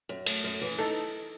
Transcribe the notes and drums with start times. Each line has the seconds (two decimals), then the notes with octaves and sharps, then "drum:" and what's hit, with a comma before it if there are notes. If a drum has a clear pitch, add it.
0.09 F#2
0.26 A3, drum: cymbal
0.44 F#2
0.62 E3
0.79 D#4 A4